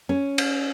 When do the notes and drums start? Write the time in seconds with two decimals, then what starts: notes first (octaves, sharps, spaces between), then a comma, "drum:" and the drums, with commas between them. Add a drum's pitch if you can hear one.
0.09 C#4
0.38 drum: cymbal